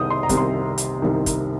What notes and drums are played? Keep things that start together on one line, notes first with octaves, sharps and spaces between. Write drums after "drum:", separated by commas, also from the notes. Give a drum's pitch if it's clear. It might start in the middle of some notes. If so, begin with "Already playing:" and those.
Already playing: C2 C3 D#3 D#6 G6
C6
A#5
C2 C3 D#3, drum: kick, hi-hat
C6
drum: hi-hat
C2 C3 D#3
drum: kick, hi-hat